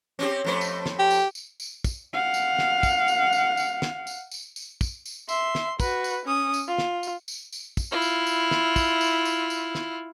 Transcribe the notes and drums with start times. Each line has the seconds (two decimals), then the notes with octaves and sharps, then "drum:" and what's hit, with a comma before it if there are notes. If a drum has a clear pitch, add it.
0.19 C4 C#4 G4
0.45 F2 A3 C5
0.61 drum: tambourine
0.86 drum: snare
0.99 G4
1.10 drum: tambourine
1.35 drum: tambourine
1.60 drum: tambourine
1.84 drum: kick, tambourine
2.13 F5 F#5
2.34 drum: tambourine
2.59 drum: snare
2.83 drum: kick, tambourine
3.08 drum: tambourine
3.33 drum: tambourine
3.57 drum: tambourine
3.82 drum: snare
4.07 drum: tambourine
4.31 drum: tambourine
4.56 drum: tambourine
4.81 drum: kick, tambourine
5.06 drum: tambourine
5.29 E5 C6, drum: tambourine
5.55 drum: snare
5.80 F#4 B4, drum: kick, tambourine
6.04 drum: tambourine
6.26 C#4 D#6
6.54 drum: tambourine
6.68 F4
6.78 drum: snare
7.03 drum: tambourine
7.28 drum: tambourine
7.52 drum: tambourine
7.77 drum: kick, tambourine
7.92 E4 F4
8.02 drum: tambourine
8.27 drum: tambourine
8.51 drum: snare
8.76 drum: kick, tambourine
9.01 drum: tambourine
9.25 drum: tambourine
9.50 drum: tambourine
9.75 drum: snare